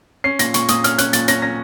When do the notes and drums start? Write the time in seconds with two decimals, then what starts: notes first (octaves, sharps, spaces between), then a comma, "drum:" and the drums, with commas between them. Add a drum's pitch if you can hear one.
0.24 C#4 C7
0.39 A#2 A#6, drum: hi-hat
0.54 A#2 C#6, drum: hi-hat
0.68 A#2 D#6, drum: hi-hat
0.84 C#4 F6, drum: hi-hat
0.98 C#4 F#6, drum: hi-hat
1.13 A#2 A6, drum: hi-hat
1.28 C#4 A#6, drum: hi-hat
1.42 C#4 A#6